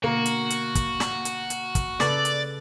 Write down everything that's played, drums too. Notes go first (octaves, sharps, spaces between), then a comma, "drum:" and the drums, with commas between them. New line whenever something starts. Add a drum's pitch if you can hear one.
B2 D3 A#3 F#4
drum: hi-hat
drum: hi-hat
drum: kick, hi-hat
drum: snare
drum: hi-hat
drum: hi-hat
drum: kick, hi-hat
C#3 A4 B4 D5, drum: snare
drum: hi-hat